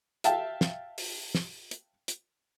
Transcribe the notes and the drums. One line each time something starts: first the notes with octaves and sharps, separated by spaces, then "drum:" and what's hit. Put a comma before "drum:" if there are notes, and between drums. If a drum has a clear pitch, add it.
E5 F5 G5 A5, drum: hi-hat
drum: snare
drum: open hi-hat
drum: snare
drum: hi-hat
drum: hi-hat